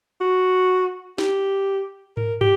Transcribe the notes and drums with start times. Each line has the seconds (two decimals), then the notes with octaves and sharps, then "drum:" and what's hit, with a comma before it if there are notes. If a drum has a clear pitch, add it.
0.21 F#4
1.18 G4, drum: snare
2.17 A#4, drum: tom G#2
2.41 G4, drum: tom